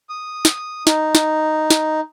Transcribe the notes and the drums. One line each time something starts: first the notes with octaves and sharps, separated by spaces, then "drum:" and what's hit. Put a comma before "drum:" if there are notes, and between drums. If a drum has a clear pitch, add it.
D#6
drum: snare
D#4, drum: snare
drum: snare
drum: snare